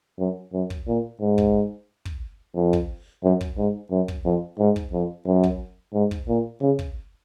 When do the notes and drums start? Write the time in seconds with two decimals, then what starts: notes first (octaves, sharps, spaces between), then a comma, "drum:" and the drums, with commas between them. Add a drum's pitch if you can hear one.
0.19 F#2
0.53 F#2
0.70 drum: kick
0.88 A#2
1.21 G#2
1.38 drum: kick
2.05 drum: kick
2.56 F2
2.73 drum: kick
3.24 F#2
3.41 drum: kick
3.58 G#2
3.91 F#2
4.08 drum: kick
4.25 F2
4.59 G#2
4.76 drum: kick
4.93 F2
5.26 F#2
5.43 drum: kick
5.94 G#2
6.11 drum: kick
6.28 A#2
6.62 C#3
6.79 drum: kick